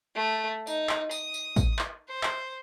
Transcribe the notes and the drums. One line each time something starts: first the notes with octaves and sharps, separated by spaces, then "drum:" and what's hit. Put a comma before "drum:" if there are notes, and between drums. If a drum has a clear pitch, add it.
A3
D#4, drum: tambourine
drum: clap
D#6, drum: tambourine
drum: tambourine
drum: kick, tambourine
drum: clap
C5
drum: clap